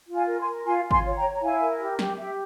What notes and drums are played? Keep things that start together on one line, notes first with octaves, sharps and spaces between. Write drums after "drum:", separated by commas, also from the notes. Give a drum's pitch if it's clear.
F4
F5 G#5
A#4
G#5 C6
A#4
F4 G#5 C6
F4
G#5 C6, drum: kick G#1
C#5
G5 A#5
C#5
A#5
E4 F5 G#5
A#4
G4
G4, drum: snare
G4 E5 G5